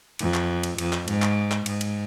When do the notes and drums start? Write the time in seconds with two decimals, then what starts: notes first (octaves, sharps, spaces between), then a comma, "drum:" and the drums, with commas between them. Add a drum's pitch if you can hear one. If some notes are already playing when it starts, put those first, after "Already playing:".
0.19 F2, drum: cymbal
0.34 drum: clap
0.63 drum: cymbal
0.78 F2, drum: cymbal
0.93 drum: clap
1.08 G#2, drum: cymbal
1.22 drum: clap
1.52 drum: clap
1.66 G#2, drum: cymbal
1.81 drum: cymbal